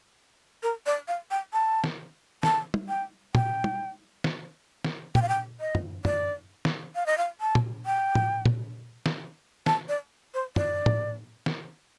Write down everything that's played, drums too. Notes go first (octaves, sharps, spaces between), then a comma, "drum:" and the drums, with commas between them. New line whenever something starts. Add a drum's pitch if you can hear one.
A#4
D5
F5
G5
A5
drum: snare
A5, drum: snare
drum: tom
G5
G5, drum: tom A#2
drum: tom
drum: snare
drum: snare
G5, drum: tom A#2
F5
G5
D#5
drum: tom
D5, drum: tom
drum: snare
F5
D#5
F5
A5
drum: tom A#2
G5
drum: tom
drum: tom A#2
drum: snare
A5, drum: snare
D5
C5
D5, drum: tom
drum: tom
drum: snare